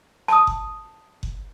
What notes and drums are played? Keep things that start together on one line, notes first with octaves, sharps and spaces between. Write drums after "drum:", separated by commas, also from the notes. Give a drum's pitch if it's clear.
A5 D#6, drum: rim click
drum: kick F#1
drum: kick F#1